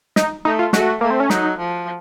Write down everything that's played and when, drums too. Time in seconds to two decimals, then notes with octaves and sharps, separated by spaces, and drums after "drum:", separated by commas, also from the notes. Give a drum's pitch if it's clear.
0.16 D#4, drum: snare
0.45 A3 D#4
0.59 F4
0.73 A3 F#4, drum: snare
1.01 A3 A#3
1.11 C4
1.20 C#4
1.30 F#3 D#4, drum: snare
1.59 F3